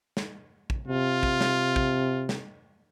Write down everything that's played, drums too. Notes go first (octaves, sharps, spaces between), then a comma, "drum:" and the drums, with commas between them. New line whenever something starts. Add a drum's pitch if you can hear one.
drum: snare
drum: kick
C3 F4
drum: kick
drum: snare
drum: kick
drum: snare